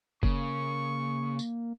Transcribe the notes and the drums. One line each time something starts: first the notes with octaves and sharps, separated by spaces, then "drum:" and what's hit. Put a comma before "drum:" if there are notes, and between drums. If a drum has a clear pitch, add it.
C#3 A#3 C#6, drum: kick F1
drum: tambourine